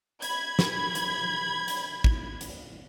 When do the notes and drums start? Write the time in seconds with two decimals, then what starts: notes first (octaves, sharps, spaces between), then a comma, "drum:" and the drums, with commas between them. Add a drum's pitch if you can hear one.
0.22 B5 G#6, drum: hi-hat
0.59 drum: snare
0.95 drum: hi-hat
1.68 drum: hi-hat
2.04 drum: kick
2.41 drum: hi-hat